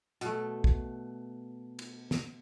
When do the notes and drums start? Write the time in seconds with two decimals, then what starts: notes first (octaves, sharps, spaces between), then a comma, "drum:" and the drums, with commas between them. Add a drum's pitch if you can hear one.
0.21 B2 A3, drum: hi-hat
0.64 drum: kick
1.79 drum: cymbal
2.11 drum: snare